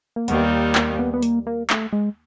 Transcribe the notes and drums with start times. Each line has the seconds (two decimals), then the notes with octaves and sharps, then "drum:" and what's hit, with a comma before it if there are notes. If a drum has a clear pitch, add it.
0.16 A#3
0.28 D#2 D#3 G3 B3, drum: hi-hat
0.75 A#3, drum: clap
0.99 B3
1.13 B3
1.23 A#3, drum: hi-hat
1.47 A#3
1.70 A3, drum: clap
1.93 G#3